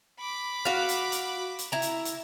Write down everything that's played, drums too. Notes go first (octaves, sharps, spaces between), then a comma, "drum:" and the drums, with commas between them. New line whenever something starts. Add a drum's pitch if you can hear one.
B5 D6
F#4 F5
drum: hi-hat
drum: hi-hat
drum: hi-hat
E4 A#5
drum: hi-hat
drum: hi-hat